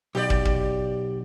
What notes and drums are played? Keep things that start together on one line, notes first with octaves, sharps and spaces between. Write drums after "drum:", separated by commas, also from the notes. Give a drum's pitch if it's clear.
B1 G4 D5
drum: kick
drum: kick